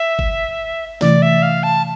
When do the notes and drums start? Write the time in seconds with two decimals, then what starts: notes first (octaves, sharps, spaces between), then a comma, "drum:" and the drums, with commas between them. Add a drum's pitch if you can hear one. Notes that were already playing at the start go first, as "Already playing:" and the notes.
Already playing: E5
0.19 drum: kick G1
1.01 C3 E3 A3 E4 D5, drum: snare
1.22 E5
1.42 F5
1.63 A5